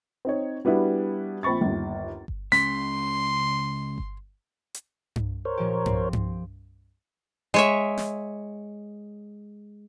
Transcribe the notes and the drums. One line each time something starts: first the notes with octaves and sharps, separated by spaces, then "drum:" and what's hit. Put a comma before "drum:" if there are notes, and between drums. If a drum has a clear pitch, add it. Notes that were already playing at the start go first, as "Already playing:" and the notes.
C4 D#4 C#5
G3 B3 D4 E4 F#4
A#1 C4 B5 C#6 A6
G1 D#2
drum: kick G1
C#2 C#3 C6 B6, drum: snare
drum: kick G1
drum: hi-hat
drum: tom G2
A#4 C5 C#5
A#2 F3 G4
C4, drum: tom G2
drum: tom G2
G#3 C#5 E5
drum: snare